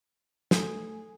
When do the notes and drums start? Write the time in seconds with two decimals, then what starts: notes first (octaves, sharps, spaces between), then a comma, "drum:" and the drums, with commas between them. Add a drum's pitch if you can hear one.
0.51 A3 G#4 A4, drum: snare